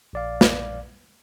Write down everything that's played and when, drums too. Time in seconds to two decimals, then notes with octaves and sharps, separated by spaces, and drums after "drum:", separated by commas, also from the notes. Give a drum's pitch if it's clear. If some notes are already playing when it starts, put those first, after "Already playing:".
0.13 A#1 D5 F5
0.41 drum: snare